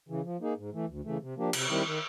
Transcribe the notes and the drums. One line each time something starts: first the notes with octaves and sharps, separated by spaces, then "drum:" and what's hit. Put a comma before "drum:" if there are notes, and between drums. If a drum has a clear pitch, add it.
C#3 E3
F3
A#3 D#4 G#4
G#2
E3 A3
D2
C#3 E3 A3
C3
F3 A#3 D4 G4
C3, drum: cymbal
D#3 G3 C4 E4
D#3